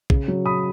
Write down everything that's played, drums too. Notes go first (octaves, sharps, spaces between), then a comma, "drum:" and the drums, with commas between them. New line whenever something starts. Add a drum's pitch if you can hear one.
C#3, drum: kick
F#3
C#3 B5 D#6